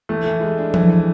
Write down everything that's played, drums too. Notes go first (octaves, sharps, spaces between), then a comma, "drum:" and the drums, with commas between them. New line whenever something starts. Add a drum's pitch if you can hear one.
E3 A3
E3
G#3
D4
E3, drum: tom F3
E3